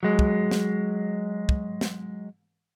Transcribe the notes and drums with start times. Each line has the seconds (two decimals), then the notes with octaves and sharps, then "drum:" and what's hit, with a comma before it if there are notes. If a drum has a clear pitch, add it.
0.03 F#3 G#3
0.19 drum: kick
0.51 drum: snare
1.49 drum: kick
1.81 drum: snare